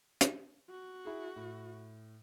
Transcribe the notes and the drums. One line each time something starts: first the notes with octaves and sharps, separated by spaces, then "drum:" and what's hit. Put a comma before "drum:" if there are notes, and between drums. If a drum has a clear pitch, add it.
drum: hi-hat
F#4
E4 G#4
A2